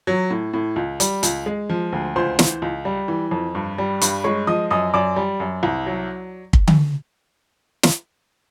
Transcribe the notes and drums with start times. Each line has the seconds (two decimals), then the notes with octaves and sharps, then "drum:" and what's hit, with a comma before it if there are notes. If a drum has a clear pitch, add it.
0.07 F#3
0.30 A2
0.54 A2
0.76 C#2
1.00 G3, drum: hi-hat
1.23 C#2, drum: hi-hat
1.46 G#3
1.69 F3
1.93 D2
2.16 C#2 C5 C6
2.39 E3, drum: snare
2.62 C#2
2.85 G3
3.08 E3
3.31 F2
3.55 G2
3.78 G3
4.01 G2, drum: hi-hat
4.24 G#3 C#5 C#6
4.47 F3 D#5 D#6
4.71 F#2 D#5 D#6
4.94 F#2 D5 D6
5.16 G3
5.40 F#2
5.63 C2
5.86 F#3
6.53 drum: kick
6.68 drum: tom D3
7.83 drum: snare